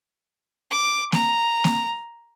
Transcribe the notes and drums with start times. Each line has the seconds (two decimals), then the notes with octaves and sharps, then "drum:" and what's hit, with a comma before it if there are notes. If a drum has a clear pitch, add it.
0.71 D6
1.12 A#5, drum: snare A#3
1.64 drum: snare A#3